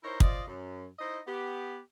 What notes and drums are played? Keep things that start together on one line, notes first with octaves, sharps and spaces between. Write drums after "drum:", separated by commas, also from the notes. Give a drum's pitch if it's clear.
D#4 E4 A#4 C5 C#5
F4 C5 D5 D#5, drum: kick
F#2
D#4 E4 C5 D#5
B3 G4